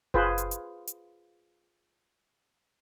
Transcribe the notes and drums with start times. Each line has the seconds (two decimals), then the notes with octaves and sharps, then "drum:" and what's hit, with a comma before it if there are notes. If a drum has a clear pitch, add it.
0.14 F4 G#4 B4 C5, drum: kick F#1
0.38 drum: hi-hat
0.51 drum: hi-hat
0.87 drum: hi-hat